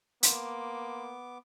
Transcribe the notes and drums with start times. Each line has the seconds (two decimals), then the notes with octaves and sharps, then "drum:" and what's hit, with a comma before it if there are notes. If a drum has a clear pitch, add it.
0.23 A#3 B3 C6 D6, drum: hi-hat